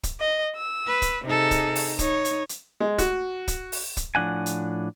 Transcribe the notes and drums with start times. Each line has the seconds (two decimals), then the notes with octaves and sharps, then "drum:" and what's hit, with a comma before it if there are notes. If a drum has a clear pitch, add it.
0.03 drum: kick, hi-hat
0.20 D#5
0.56 E6
0.87 B4
1.02 drum: kick, hi-hat
1.25 C3 D#4 G#4 A4
1.51 drum: kick, hi-hat
1.76 drum: open hi-hat
1.99 D#4 C#5, drum: kick, hi-hat
2.25 drum: hi-hat
2.49 drum: hi-hat
2.80 G#3
2.98 F#4, drum: kick, hi-hat
3.48 drum: kick, hi-hat
3.72 drum: open hi-hat
3.97 drum: kick, hi-hat
4.15 A2 F3 D4 F#5 G#5
4.46 drum: hi-hat